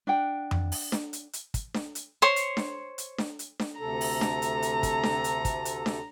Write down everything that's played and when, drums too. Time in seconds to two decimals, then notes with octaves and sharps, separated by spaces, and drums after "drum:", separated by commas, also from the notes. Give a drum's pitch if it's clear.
0.07 D4 F#5 G5
0.51 drum: tom F2
0.72 drum: open hi-hat
0.92 drum: snare D4
1.13 drum: hi-hat
1.33 drum: hi-hat
1.54 drum: kick, hi-hat
1.75 drum: snare D4
1.95 drum: hi-hat
2.22 C5 C#5 C6
2.36 drum: hi-hat
2.57 drum: snare D4
2.98 drum: hi-hat
3.18 drum: snare D4
3.39 drum: hi-hat
3.60 drum: snare D4
3.80 D2 C3 A4 A#5
4.01 drum: open hi-hat
4.21 drum: snare D4
4.42 drum: hi-hat
4.62 drum: hi-hat
4.83 drum: kick, hi-hat
5.04 drum: snare D4
5.24 drum: hi-hat
5.45 drum: kick, hi-hat
5.65 drum: hi-hat
5.86 drum: snare D4